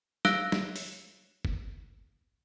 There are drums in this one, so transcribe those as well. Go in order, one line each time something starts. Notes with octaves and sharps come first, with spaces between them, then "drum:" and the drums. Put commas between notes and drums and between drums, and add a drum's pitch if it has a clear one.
F5 E6 F#6 A#6 D7 G7, drum: snare
drum: snare
drum: open hi-hat
drum: kick